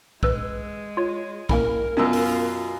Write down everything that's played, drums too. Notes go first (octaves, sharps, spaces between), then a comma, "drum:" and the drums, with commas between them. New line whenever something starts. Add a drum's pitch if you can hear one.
G#3 B4 E6 F#6, drum: kick
F4 C#5
A#3 C#4 E4 A#4, drum: kick
F#2 B2 F4 E6
drum: open hi-hat